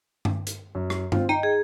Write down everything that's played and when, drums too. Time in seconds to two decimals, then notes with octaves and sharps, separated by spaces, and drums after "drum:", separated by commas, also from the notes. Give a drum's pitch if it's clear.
0.25 drum: tom G2
0.47 drum: hi-hat
0.75 F#2
0.90 drum: rim click
1.12 C4 F4, drum: tom G2
1.29 D#4 G5
1.43 G#4